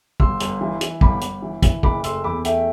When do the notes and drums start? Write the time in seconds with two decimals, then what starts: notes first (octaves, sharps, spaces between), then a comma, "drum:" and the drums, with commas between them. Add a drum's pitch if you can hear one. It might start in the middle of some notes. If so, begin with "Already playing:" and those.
0.20 G1 C6 E6, drum: kick
0.40 G1, drum: hi-hat
0.61 E3
0.81 E3, drum: hi-hat
1.01 G1 B5 D6, drum: kick
1.21 G1, drum: hi-hat
1.42 E3
1.62 E3, drum: kick, hi-hat
1.83 F#1 B5 D6, drum: kick
2.04 A3 C6 E6, drum: hi-hat
2.24 E2 B5 D6
2.45 A3 E5 G5, drum: hi-hat